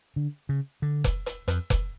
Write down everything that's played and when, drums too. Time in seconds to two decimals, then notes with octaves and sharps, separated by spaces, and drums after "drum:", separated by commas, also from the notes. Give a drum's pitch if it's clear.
0.16 D3
0.49 C#3
0.82 D3
1.04 drum: kick F1, hi-hat
1.26 drum: hi-hat
1.48 F2, drum: hi-hat
1.70 drum: kick F1, hi-hat